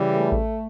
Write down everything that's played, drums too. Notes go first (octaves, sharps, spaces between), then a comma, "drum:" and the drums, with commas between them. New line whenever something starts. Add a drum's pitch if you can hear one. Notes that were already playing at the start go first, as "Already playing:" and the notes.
Already playing: C#3 E3 G3
A3
drum: kick A1